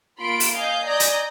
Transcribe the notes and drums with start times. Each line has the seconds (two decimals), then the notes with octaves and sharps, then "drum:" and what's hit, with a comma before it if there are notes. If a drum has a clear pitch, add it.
0.20 A#3 F4 B5 C6 D7
0.40 drum: open hi-hat
0.55 D#5 F5 G#5 G6
0.86 D5 D#5 G#5 A#5 G6 A#6
1.00 drum: hi-hat